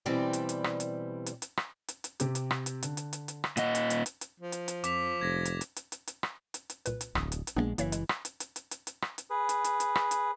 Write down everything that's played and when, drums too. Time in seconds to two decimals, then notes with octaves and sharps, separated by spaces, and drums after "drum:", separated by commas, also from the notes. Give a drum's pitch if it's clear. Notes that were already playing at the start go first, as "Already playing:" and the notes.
0.06 B2 E3 G3 C4 G4 D5
0.33 drum: hi-hat
0.49 drum: hi-hat
0.64 drum: rim click
0.80 drum: hi-hat
1.26 drum: hi-hat
1.42 drum: hi-hat
1.57 drum: rim click
1.88 drum: hi-hat
2.04 drum: hi-hat
2.20 C3 G4, drum: hi-hat
2.35 drum: hi-hat
2.51 drum: rim click
2.66 drum: hi-hat
2.83 D3, drum: hi-hat
2.97 drum: hi-hat
3.13 drum: hi-hat
3.28 drum: hi-hat
3.44 drum: rim click
3.57 A#2 D#5 F#5, drum: hi-hat
3.75 drum: hi-hat
3.90 drum: hi-hat
4.06 drum: hi-hat
4.21 drum: hi-hat
4.40 F3
4.52 drum: hi-hat
4.68 drum: hi-hat
4.84 F2 D6 B6 F7, drum: hi-hat
5.21 F1 G#6 A#6 B6
5.45 drum: hi-hat
5.61 drum: hi-hat
5.76 drum: hi-hat
5.92 drum: hi-hat
6.07 drum: hi-hat
6.23 drum: rim click
6.54 drum: hi-hat
6.70 drum: hi-hat
6.86 C2 A#2 B4, drum: hi-hat
7.01 drum: hi-hat
7.15 D1 A#1 D#6, drum: rim click
7.32 drum: hi-hat
7.47 drum: hi-hat
7.56 A#1 E3 G#3 A#3 B3 D4
7.78 F#1 E3 A#3 C#5 E5, drum: hi-hat
7.92 G#3, drum: hi-hat
8.09 drum: rim click
8.25 drum: hi-hat
8.40 drum: hi-hat
8.56 drum: hi-hat
8.71 drum: hi-hat
8.87 drum: hi-hat
9.02 drum: rim click
9.18 drum: hi-hat
9.30 G#4 B4
9.49 drum: hi-hat
9.64 drum: hi-hat
9.80 drum: hi-hat
9.95 drum: rim click
10.11 drum: hi-hat